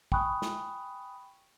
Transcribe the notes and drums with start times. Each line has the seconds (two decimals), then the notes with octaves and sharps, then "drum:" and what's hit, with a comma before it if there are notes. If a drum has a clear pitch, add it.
0.12 G5 G#5 B5 C#6 D#6 F#6, drum: kick
0.42 drum: snare